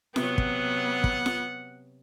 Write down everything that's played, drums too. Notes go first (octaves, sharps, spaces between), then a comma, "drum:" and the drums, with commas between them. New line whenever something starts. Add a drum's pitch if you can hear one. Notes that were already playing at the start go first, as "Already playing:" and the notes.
C3 F#3 B3 F#5, drum: snare F4
drum: kick
drum: kick
drum: snare F4